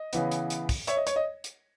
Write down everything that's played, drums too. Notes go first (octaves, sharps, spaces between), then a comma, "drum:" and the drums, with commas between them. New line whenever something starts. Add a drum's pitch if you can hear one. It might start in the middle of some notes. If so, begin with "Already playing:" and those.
Already playing: D#5
C#3 E3 B3, drum: hi-hat
drum: hi-hat
drum: hi-hat
drum: kick, open hi-hat
C#5 E5, drum: hi-hat
D#5
C#5, drum: hi-hat
D#5
drum: hi-hat